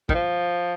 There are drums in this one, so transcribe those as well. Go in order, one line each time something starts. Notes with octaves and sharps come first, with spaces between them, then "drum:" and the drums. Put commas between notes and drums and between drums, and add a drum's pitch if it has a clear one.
D#3, drum: kick
F3